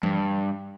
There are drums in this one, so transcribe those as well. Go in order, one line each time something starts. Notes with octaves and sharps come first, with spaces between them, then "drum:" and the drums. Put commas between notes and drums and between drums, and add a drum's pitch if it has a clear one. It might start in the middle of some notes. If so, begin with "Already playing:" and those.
G2, drum: tom E3